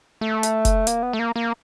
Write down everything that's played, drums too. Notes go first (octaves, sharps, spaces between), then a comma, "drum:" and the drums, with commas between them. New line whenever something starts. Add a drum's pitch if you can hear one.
A3
drum: hi-hat
drum: kick, hi-hat
A#3, drum: hi-hat
B3
A3
A#3
A#3